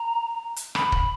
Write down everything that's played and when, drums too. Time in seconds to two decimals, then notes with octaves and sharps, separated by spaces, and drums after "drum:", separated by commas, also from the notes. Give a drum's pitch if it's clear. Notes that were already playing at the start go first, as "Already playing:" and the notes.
Already playing: A#5
0.56 drum: hi-hat
0.75 B5, drum: rim click
0.92 drum: kick